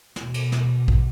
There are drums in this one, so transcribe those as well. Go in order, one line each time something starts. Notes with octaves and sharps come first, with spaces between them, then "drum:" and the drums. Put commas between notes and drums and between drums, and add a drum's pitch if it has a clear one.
B2, drum: snare
drum: cymbal
drum: snare
drum: kick A#1